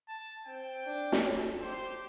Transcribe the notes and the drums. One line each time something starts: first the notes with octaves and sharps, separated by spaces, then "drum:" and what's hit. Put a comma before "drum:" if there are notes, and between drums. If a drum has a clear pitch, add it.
A5
C4 G5
D4
drum: snare
A4
G4 C5